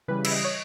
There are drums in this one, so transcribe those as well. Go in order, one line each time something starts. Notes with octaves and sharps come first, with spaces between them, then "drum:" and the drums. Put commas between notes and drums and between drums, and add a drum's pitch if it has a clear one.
C#3 E3 G3 B4
E5, drum: cymbal
D#5
C#5